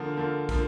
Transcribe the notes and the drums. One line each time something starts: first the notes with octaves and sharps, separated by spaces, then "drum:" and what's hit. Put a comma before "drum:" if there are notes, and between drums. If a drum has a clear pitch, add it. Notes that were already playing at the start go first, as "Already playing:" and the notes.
Already playing: D3 F3 A#3
D3 F3 A#3
D3 F3 A#3, drum: kick, hi-hat